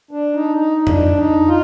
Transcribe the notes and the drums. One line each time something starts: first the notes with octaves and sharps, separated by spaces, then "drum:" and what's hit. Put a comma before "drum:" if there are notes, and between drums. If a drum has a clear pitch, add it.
D4
D#4
D#4
D4, drum: tom F2
D#4
F4